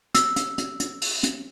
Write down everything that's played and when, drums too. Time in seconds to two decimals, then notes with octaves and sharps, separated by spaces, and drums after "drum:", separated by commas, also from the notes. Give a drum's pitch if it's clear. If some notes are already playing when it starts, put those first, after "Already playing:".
0.14 E6, drum: hi-hat
0.36 drum: hi-hat
0.58 drum: hi-hat
0.80 drum: hi-hat
1.02 drum: open hi-hat
1.24 drum: hi-hat